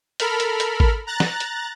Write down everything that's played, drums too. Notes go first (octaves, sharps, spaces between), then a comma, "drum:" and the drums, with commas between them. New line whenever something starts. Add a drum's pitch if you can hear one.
A4 A#4 B5 F6, drum: hi-hat
drum: hi-hat
drum: hi-hat
drum: kick G#1
A#5 F#6 A6
drum: snare
drum: hi-hat